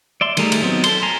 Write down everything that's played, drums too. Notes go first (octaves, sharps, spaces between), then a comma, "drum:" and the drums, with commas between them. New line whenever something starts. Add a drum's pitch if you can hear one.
D5 E5 C6
D#3 G3 A3 G#4 A#4, drum: cymbal
drum: cymbal
F#3 B3 C4 D#4
A4 C6, drum: cymbal
G#5 A#5 C6